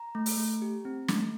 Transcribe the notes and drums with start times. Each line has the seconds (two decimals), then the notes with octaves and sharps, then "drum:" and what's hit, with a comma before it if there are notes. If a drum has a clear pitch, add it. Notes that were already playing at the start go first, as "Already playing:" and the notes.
Already playing: A#5
0.15 A3
0.26 drum: open hi-hat
0.37 A3
0.62 G4
0.85 C4
1.08 A3, drum: snare